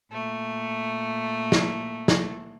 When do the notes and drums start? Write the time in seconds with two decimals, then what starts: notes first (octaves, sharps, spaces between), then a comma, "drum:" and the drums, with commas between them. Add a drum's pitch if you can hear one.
0.11 A#2 A3
1.52 drum: snare
2.08 drum: snare